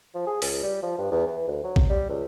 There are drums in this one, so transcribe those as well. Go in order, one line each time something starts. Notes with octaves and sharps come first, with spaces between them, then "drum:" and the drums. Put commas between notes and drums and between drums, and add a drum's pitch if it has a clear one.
F3
G#4
C#2, drum: open hi-hat
G3
F3
G2
E2
E3
D2
F#3
drum: kick
G3
C#2